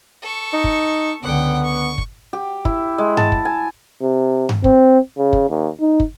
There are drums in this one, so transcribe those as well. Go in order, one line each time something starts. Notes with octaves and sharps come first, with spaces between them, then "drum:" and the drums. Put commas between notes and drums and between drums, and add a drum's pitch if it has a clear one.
A4 C#6
D#4
drum: kick
C#2 D3 B3 F#5 G5
C#6
drum: kick
G4
E4, drum: kick
G#3
A5, drum: tom G2
drum: kick
G#5
C3
drum: tom G2
C4, drum: kick
C#3
drum: kick
D#2
D#4
drum: kick